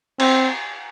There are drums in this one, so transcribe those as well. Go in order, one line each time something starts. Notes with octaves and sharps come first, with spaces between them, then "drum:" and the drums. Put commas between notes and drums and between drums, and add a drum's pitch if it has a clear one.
C4, drum: cymbal